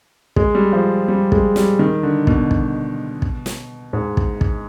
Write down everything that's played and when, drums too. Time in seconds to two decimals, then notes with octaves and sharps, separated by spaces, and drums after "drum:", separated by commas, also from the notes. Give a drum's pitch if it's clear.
0.36 G#3, drum: kick
0.55 G3
0.73 F3
1.08 G3
1.32 G#3, drum: kick
1.56 G3, drum: snare
1.79 D#3
2.03 D3
2.27 B2, drum: kick
2.51 drum: kick
3.22 drum: kick
3.46 drum: snare
3.93 G#2
4.17 drum: kick
4.41 drum: kick